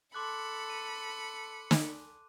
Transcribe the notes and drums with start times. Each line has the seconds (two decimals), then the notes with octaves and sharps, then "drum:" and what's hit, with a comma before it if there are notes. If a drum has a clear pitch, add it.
0.14 A4 B5 C6 D6 F#6 C#7
0.70 D#7
1.71 drum: snare